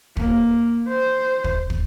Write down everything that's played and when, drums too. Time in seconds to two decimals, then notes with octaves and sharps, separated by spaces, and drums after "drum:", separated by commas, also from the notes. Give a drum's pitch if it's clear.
0.17 A#3, drum: kick
0.88 C5
1.44 drum: kick
1.70 drum: kick